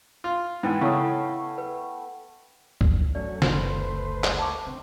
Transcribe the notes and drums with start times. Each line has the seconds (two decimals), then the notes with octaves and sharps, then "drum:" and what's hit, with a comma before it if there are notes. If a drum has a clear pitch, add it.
0.24 F4
0.63 G#2 E3 B3 G5 G#5
0.81 C#3 A3 E4 C#5 D#6
1.58 B4
2.81 drum: kick
3.15 F#3 A3 C#4 D5
3.42 F#1 D2 A3 B4 C5, drum: snare
4.24 drum: clap
4.39 A5 C#6 D6
4.66 D3 C4